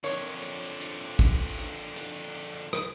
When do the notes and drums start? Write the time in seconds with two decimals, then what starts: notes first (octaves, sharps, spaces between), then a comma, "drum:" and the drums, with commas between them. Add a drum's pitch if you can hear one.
0.04 F2 D3 C#5, drum: hi-hat
0.42 drum: hi-hat
0.81 drum: hi-hat
1.19 drum: kick, hi-hat
1.58 drum: hi-hat
1.96 drum: hi-hat
2.35 drum: hi-hat
2.73 drum: rim click